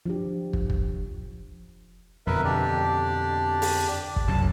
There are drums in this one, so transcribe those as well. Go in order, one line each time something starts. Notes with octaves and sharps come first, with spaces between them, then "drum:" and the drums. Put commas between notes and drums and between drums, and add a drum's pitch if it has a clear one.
F3 D4 G4
drum: kick
drum: kick
F2 B2 D3 A#4 B4 E5
D4 G4 D5
drum: open hi-hat
drum: kick
C2 F#2 A5